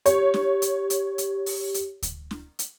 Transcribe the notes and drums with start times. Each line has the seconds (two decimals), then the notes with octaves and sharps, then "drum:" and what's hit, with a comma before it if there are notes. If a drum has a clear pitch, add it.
0.06 G4 C#5, drum: hi-hat
0.34 drum: snare
0.62 drum: hi-hat
0.90 drum: hi-hat
1.18 drum: hi-hat
1.46 drum: open hi-hat
1.74 drum: hi-hat
2.03 drum: kick D2, hi-hat
2.31 drum: snare
2.59 drum: hi-hat